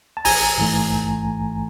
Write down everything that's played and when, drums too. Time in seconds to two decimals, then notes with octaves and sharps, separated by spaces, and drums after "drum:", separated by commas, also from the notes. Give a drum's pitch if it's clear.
0.17 A5
0.25 A1 G#5 A#5, drum: open hi-hat
0.58 G#2 E3 A3
0.90 A1